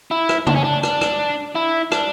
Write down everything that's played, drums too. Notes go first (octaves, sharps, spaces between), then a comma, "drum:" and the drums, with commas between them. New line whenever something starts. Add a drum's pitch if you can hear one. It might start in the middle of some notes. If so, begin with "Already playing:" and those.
E4
drum: rim click
D4, drum: tom
C#4
D4
D4, drum: rim click
drum: rim click
E4
D4, drum: rim click